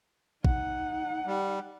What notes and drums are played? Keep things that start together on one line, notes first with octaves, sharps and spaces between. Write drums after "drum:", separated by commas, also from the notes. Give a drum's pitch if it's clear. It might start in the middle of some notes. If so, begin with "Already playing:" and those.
D#4 F#5, drum: kick
G3